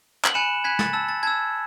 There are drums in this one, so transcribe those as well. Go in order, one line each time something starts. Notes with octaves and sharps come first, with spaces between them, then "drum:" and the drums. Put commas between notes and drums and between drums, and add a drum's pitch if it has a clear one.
F#7, drum: clap
G#5 B5 F#6 C#7 E7
G#5 B5 F#6 G#6 B6
A6, drum: snare
A5 E6 A6
A6
A5 E6 G#6